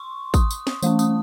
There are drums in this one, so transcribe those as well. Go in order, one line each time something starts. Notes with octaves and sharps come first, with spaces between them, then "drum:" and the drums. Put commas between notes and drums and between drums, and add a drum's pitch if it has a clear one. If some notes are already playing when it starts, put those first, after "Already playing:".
Already playing: C6 C#6
D#6, drum: kick, tambourine
drum: tambourine
drum: snare
E3 A3 C#4, drum: tambourine
D#6, drum: tambourine